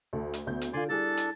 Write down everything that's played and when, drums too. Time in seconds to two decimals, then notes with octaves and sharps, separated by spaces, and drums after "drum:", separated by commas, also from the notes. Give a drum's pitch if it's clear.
0.13 D2 A4
0.34 drum: hi-hat
0.47 D2 B3 G6
0.62 drum: hi-hat
0.73 D3 F4 A4 D5 G#5 C6
0.90 G3 D4 E4 G#4 A4 A5
1.17 drum: hi-hat